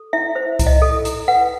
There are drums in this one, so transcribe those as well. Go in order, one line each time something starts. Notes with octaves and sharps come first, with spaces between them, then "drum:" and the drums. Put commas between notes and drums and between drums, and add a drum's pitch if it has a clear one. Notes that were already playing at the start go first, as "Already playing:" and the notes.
Already playing: A4
E4 E5
C5 E5
E4, drum: kick C2, hi-hat
D#5
A4
E4, drum: hi-hat
B4 F#5